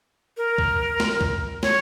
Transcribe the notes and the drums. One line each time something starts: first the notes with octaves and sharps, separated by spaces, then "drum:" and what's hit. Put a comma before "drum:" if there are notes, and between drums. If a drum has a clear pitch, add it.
A#4
drum: kick
drum: snare
drum: kick
C#5, drum: snare